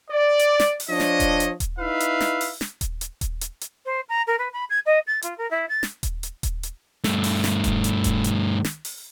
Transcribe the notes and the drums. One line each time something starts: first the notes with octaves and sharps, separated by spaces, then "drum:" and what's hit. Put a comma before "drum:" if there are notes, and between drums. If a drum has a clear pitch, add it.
D5
drum: hi-hat
drum: snare
drum: open hi-hat
F3 D4 C#5 D#5
drum: snare
drum: kick D#1, hi-hat
drum: hi-hat
drum: kick D#1, hi-hat
D#4 E4 B4 E5 F5
drum: hi-hat
drum: snare
drum: open hi-hat
drum: snare
drum: kick D#1, hi-hat
drum: hi-hat
drum: kick D#1, hi-hat
drum: hi-hat
drum: hi-hat
C5
A#5
A#4
B4
B5
G#6
D#5
A6
F4, drum: hi-hat
A#4
E4
A6
drum: snare
drum: kick D#1, hi-hat
drum: hi-hat
drum: kick D#1, hi-hat
drum: hi-hat
G2 A3, drum: snare
drum: open hi-hat
drum: snare
drum: kick D#1, hi-hat
drum: hi-hat
drum: kick D#1, hi-hat
drum: hi-hat
drum: snare
drum: open hi-hat